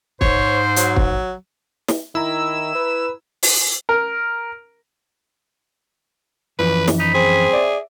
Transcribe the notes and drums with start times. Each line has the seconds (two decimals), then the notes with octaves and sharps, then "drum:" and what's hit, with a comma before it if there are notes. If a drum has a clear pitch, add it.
0.21 G#2 C5 C#5, drum: kick
0.76 F#3, drum: hi-hat
0.96 drum: kick
1.88 drum: snare
2.15 D#3 E4 A#5 E6
2.75 B4
3.43 drum: open hi-hat
3.89 A#4
6.59 F#2 E3 F3 B4
6.88 drum: snare
7.00 D#4 B5
7.14 C4 G#4
7.53 D5 E5